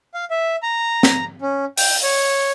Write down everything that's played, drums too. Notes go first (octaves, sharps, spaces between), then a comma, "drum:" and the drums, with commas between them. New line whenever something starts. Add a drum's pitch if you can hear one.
F5
E5
A#5
drum: snare
C#4
G5, drum: open hi-hat
C#5